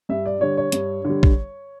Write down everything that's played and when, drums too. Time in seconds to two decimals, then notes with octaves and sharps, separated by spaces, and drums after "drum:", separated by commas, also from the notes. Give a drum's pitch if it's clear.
0.09 G2 E5
0.26 D5
0.41 D3 G3 C#5
0.57 C#5
0.72 G2, drum: hi-hat
1.05 D3 G3
1.23 drum: kick